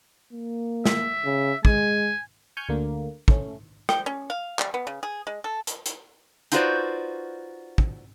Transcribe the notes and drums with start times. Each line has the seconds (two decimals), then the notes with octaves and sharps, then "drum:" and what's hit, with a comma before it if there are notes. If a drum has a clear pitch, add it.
0.33 A#3
0.85 E5, drum: snare
1.25 C#3
1.65 G#3 G#5, drum: kick
2.57 G#5 C#6 F6 G6
2.69 D2 D3 A#3
3.28 A3 C#4, drum: kick
3.89 G5, drum: rim click
4.06 C#4
4.30 F5
4.59 G3, drum: clap
4.74 B3
4.87 C#3
5.03 G#4
5.27 G#3
5.44 A4
5.67 drum: hi-hat
5.86 drum: hi-hat
6.52 D#4 F4 F#4 B4 C5 D5, drum: hi-hat
7.78 drum: kick